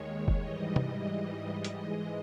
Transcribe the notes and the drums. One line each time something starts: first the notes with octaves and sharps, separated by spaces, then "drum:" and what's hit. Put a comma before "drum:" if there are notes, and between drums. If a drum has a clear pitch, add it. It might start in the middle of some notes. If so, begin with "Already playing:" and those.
Already playing: D#2 D#3 G#3 C#5
drum: kick F1
G#2 E3 G3 D#5
D#5, drum: tom
drum: hi-hat
G#2 E3 G#3